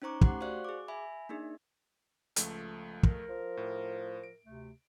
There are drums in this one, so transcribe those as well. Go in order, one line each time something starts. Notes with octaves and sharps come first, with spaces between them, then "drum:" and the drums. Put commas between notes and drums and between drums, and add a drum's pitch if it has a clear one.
C#4 D#4 C5 A#5 C#6 D6
A3 G4 F#5 C6 C#6 F#6, drum: kick
F#4 C5 D5 F5 C#6 F#6
G#4 D6
E5 G#5 B5
A#3 D4 D#4 G#4
C#2 F3 A3, drum: hi-hat
A#4, drum: kick
F3
A2
D7
D2 C3 A3